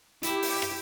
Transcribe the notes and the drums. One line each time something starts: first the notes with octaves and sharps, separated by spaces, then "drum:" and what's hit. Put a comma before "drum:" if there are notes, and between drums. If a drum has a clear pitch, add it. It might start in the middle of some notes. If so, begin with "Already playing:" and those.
E4 G4, drum: hi-hat
drum: open hi-hat
drum: rim click